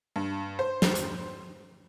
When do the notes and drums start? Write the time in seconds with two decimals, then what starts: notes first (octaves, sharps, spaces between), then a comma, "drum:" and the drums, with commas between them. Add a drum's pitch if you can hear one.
0.16 G2
0.59 C5
0.82 drum: snare
0.95 drum: hi-hat